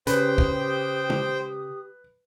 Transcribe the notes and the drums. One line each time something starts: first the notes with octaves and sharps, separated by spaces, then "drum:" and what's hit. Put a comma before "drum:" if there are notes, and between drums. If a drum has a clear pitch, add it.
C#3 G4 B4 C5 G5 D#6, drum: hi-hat
drum: kick
drum: tom